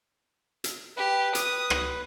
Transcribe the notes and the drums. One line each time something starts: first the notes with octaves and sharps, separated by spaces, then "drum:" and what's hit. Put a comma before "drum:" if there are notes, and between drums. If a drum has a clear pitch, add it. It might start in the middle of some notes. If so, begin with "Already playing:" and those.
drum: hi-hat
G4 B4
D#6, drum: hi-hat
drum: rim click